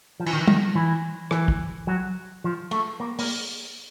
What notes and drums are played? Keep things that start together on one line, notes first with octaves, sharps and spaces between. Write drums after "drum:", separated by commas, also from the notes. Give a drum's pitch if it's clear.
F3
E3, drum: cymbal
D#3
E3
D#3, drum: tom G3
E3
E3, drum: rim click
drum: kick
F#3
F3
A3, drum: cymbal
A#3
A#3, drum: open hi-hat